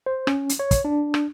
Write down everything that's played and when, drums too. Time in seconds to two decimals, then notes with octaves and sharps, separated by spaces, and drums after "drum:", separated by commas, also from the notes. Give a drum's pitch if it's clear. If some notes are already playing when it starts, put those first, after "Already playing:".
0.06 C5
0.27 C#4, drum: rim click
0.49 drum: hi-hat
0.59 C#5
0.71 drum: kick, hi-hat
0.85 D4
1.14 drum: rim click